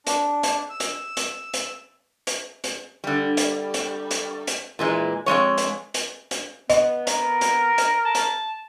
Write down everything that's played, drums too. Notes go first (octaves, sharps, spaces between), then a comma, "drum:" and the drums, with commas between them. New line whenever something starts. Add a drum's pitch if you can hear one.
D4, drum: hi-hat
drum: hi-hat
E6
drum: hi-hat
drum: hi-hat
drum: hi-hat
drum: hi-hat
drum: hi-hat
D3 G3
drum: hi-hat
drum: hi-hat
drum: hi-hat
drum: hi-hat
A#2 E3 G#3
F2 C3 G#3 C#5
drum: hi-hat
drum: hi-hat
drum: hi-hat
B3 D#5, drum: hi-hat
A#4, drum: hi-hat
drum: hi-hat
drum: hi-hat
A5
drum: hi-hat